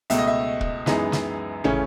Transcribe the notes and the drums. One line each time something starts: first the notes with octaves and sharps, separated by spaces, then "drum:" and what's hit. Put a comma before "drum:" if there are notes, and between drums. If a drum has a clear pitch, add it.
C#2 B2 A3 E5, drum: hi-hat
D#5
E5
drum: kick
F#2 E3 G#3 B3 D#4, drum: snare
drum: snare
C#3 E3 A3 C#4, drum: tom